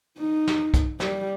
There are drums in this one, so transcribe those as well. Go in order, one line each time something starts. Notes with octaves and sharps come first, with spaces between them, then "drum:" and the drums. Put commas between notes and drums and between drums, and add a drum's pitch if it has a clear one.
D#4
drum: snare
drum: kick, hi-hat
G3, drum: snare